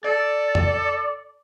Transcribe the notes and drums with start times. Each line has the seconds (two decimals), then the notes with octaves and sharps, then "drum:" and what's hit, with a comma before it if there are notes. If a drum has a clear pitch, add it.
0.04 A4 D5
0.55 drum: tom F2